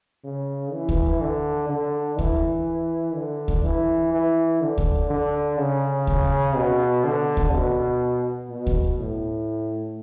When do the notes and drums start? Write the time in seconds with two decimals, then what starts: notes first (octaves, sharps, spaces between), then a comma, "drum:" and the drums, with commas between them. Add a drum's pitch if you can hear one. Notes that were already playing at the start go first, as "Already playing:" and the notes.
0.24 C#3
0.72 E3
0.89 drum: kick D2
1.21 D3
1.69 D3
2.19 E3, drum: kick D2
3.15 D3
3.48 drum: kick D2
3.64 E3
4.13 E3
4.61 D3
4.78 drum: kick D2
5.10 D3
5.59 C#3
6.07 drum: kick D2
6.56 B2
7.04 D3
7.37 drum: kick D2
7.53 B2
8.50 B2
8.67 drum: kick D2
8.99 A2